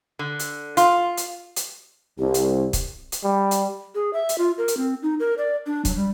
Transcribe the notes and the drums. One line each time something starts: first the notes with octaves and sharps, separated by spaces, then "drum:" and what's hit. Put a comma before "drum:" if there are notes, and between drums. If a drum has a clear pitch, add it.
D3
drum: hi-hat
F4, drum: hi-hat
drum: hi-hat
drum: hi-hat
C2 G4
drum: hi-hat
drum: kick, hi-hat
drum: hi-hat
G3
drum: hi-hat
G#4
E5
drum: hi-hat
F4
A#4
drum: hi-hat
C4
D#4
A#4
D5
D4
F#3, drum: kick, hi-hat
G3